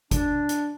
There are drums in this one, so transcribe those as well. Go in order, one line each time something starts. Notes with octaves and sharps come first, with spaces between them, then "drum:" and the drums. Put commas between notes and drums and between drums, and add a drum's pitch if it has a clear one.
D4, drum: kick G#1, hi-hat
drum: hi-hat